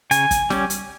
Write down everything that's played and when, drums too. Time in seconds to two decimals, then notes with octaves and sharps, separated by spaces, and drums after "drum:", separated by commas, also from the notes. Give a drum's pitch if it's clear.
0.11 C#3 G#5, drum: hi-hat
0.31 drum: kick, hi-hat
0.50 G3 C#4, drum: snare
0.70 drum: hi-hat